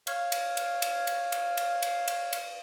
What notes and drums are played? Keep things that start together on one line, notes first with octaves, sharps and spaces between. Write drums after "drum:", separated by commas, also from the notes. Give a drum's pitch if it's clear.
C#5 F5, drum: cymbal
drum: cymbal
drum: cymbal
drum: cymbal
drum: cymbal
drum: cymbal
drum: cymbal
drum: cymbal
drum: cymbal
drum: cymbal